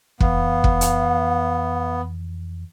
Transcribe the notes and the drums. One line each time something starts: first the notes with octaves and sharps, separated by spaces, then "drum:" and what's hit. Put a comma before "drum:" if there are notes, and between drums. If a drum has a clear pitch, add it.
F2 E3 B3 F5, drum: kick
drum: kick
drum: hi-hat